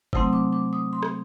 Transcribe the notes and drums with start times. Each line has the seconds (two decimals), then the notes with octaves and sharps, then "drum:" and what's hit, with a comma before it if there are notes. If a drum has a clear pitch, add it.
0.13 C3 F#3 A3 C4 D#4 D#6, drum: kick F#1
0.33 D6
0.53 D6
0.73 D#6
0.93 C6
1.03 drum: rim click